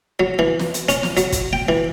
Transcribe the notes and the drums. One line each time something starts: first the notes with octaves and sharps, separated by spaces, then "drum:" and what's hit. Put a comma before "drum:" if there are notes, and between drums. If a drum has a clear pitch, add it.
F#3
E3
drum: snare
drum: hi-hat
C#4, drum: hi-hat
drum: snare
F#3, drum: hi-hat
drum: kick, hi-hat
G5
E3